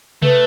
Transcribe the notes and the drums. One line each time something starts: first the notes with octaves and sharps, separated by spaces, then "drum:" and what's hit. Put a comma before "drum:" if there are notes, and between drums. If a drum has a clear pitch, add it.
A3 B4, drum: tom C3